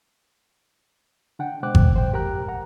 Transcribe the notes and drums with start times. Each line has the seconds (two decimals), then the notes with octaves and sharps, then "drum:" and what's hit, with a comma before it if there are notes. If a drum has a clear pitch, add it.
1.39 D3 D4 F#5 G5
1.63 B2 G#3 C5 G5 D6 F#6
1.75 drum: kick G#1
1.96 C5 G5
2.13 G4 A#4 G5 A#5 F#6
2.48 F#5 A#5